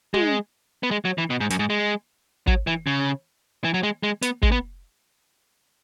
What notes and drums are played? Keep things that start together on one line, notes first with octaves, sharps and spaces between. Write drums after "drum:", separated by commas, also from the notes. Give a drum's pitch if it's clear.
G#3, drum: tom
B3
G#3
F#3
E3
B2
G#2
F#2, drum: hi-hat
G#2
G#3
F#3, drum: kick
E3
C#3
E3
F#3
G#3
G#3
B3, drum: hi-hat
G#3, drum: kick
B3